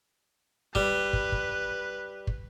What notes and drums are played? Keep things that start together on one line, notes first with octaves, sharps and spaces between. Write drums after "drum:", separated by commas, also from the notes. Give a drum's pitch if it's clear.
G3 B4, drum: kick
drum: kick
drum: kick
drum: kick